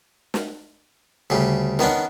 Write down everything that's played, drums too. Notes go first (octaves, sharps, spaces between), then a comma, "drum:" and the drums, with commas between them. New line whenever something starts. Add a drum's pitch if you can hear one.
drum: snare
D2 C#3 G3
D#3 B3 C#4 D4, drum: snare